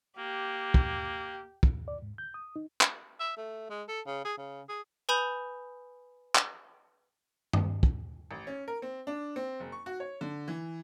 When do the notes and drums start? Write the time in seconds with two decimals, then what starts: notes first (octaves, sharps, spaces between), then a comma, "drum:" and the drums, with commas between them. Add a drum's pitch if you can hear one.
0.18 A#3 G4
0.74 drum: kick
1.63 drum: kick
1.88 D5
2.02 G#2
2.18 G6
2.34 D#6
2.56 D#4
2.81 drum: clap
3.20 E5
3.37 A3
3.70 G#3
3.89 A4
4.07 C#3
4.25 G#4
4.38 C#3
4.69 G#4
5.09 B4 G#5 B5 D#6 G6 F7
6.35 drum: clap
7.53 drum: tom G2
7.83 drum: kick
8.31 A1
8.47 C#4
8.68 A#4
8.82 C4
9.07 D4
9.36 C4
9.60 F#1
9.72 C#6
9.86 F#4
10.00 C#5
10.21 D3
10.48 E3